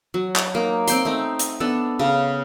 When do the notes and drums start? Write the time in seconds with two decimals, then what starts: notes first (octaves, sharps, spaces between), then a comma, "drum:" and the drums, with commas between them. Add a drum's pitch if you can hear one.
0.14 F#3
0.36 drum: clap
0.55 A#3 D#4
0.88 C4 G5 C6, drum: hi-hat
1.05 A3 D#4
1.39 drum: hi-hat
1.60 B3 D4 A4
1.99 C#3